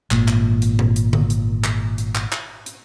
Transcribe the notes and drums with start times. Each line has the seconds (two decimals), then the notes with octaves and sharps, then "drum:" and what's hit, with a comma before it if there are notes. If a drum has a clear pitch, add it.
0.11 G#1 A#2, drum: clap
0.28 drum: clap
0.62 drum: hi-hat
0.79 drum: tom A#2
0.96 drum: hi-hat
1.13 drum: tom D3
1.30 drum: hi-hat
1.64 drum: clap
1.98 drum: hi-hat
2.15 drum: clap
2.32 drum: clap
2.66 drum: hi-hat